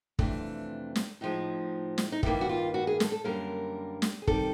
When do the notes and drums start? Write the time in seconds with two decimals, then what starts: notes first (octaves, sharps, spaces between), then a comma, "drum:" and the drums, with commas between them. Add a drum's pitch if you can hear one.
0.19 F2 C3 E3 A3 D4, drum: kick
0.96 drum: snare
1.21 A2 F3 G#3 D#4
1.98 drum: snare
2.12 D#4
2.23 G2 D#3 G3 A#3 E4, drum: kick
2.41 F#4
2.49 F4
2.74 F#4
2.87 G#4
3.00 A4, drum: snare
3.12 A4
3.24 F#2 D3 G3 A#3 A#4
4.02 drum: snare
4.22 G#4
4.27 C3 D#3 G3 A4, drum: kick